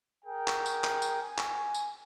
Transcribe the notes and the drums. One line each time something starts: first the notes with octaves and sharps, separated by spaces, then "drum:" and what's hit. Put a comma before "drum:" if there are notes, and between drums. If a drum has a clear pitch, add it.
G#4 A#4 G5
drum: clap
drum: tambourine
drum: clap
drum: tambourine
G#5
drum: clap
drum: tambourine